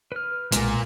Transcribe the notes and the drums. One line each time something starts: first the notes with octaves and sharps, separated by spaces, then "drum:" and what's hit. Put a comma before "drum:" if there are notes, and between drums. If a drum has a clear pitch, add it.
B4 F6
B1 A#2 G#3 A#3, drum: hi-hat